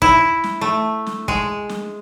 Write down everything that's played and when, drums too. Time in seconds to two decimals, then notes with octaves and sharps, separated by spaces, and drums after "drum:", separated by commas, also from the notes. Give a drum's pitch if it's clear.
0.02 E4, drum: kick
0.44 drum: snare
0.61 A3
1.07 drum: snare
1.28 G#3, drum: kick
1.69 drum: snare